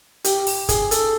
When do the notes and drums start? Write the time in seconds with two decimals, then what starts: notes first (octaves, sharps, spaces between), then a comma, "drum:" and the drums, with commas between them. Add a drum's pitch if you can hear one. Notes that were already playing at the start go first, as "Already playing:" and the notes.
0.24 G4, drum: hi-hat
0.47 drum: open hi-hat
0.69 G#4, drum: kick, hi-hat
0.91 A4, drum: hi-hat